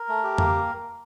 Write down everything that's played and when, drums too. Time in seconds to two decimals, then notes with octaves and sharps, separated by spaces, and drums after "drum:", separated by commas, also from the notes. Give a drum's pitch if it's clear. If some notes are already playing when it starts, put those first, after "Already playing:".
Already playing: A#4
0.09 A3
0.24 G4
0.38 A#3, drum: tom F2